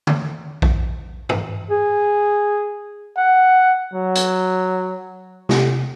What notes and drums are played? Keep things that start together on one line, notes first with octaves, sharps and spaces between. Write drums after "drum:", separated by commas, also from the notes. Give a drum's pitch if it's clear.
drum: tom D3
drum: kick A#1
drum: tom G2
G#4
F#5
F#3
drum: hi-hat
C3, drum: snare